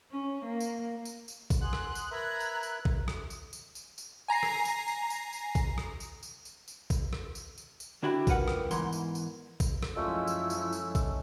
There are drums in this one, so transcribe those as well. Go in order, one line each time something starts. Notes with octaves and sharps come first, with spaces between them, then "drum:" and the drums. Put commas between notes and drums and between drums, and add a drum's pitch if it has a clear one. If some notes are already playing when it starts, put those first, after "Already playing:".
C#4
A#3
drum: tambourine
drum: tambourine
drum: tambourine
drum: kick A#1, tambourine
F#5 G#5 C6 D#6 F#6
drum: rim click
drum: tambourine
A#4 B4 E5 A#5 E6 G#6
drum: tambourine
drum: tambourine
drum: kick A#1
drum: rim click
drum: tambourine
drum: tambourine
drum: tambourine
drum: tambourine
G#5 A#5 A#6 C7
drum: rim click
drum: tambourine
drum: tambourine
drum: tambourine
drum: tambourine
drum: kick A#1, tambourine
drum: rim click
drum: tambourine
drum: tambourine
drum: tambourine
drum: tambourine
drum: kick A#1, tambourine
drum: rim click
drum: tambourine
drum: tambourine
drum: tambourine
D3 D4 E4 F#4 G4
C#2 G3 A#4 B4 F#5, drum: kick A#1, tambourine
drum: rim click
E2 G#2 E3 A#4 C6, drum: tambourine
drum: tambourine
drum: tambourine
drum: kick A#1, tambourine
drum: rim click
F#2 F3 G#3 A3 C#4 E4 F4 E6
drum: tambourine
drum: tambourine
drum: tambourine
drum: kick A#1, tambourine